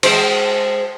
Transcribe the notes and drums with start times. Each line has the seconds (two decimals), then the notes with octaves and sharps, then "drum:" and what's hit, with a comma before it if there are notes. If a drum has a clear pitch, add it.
0.03 G#3 C5, drum: cymbal